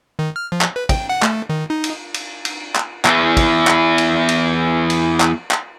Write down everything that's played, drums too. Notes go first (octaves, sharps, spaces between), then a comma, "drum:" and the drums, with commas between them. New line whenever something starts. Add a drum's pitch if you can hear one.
D#3
F6
F3
drum: clap
B4
G5, drum: kick, cymbal
F#5
A3, drum: clap
D#3
D#4
drum: cymbal
drum: cymbal
drum: cymbal
drum: clap
E2 E3, drum: clap
drum: kick, cymbal
drum: clap
drum: cymbal
drum: cymbal
drum: cymbal
drum: clap
drum: clap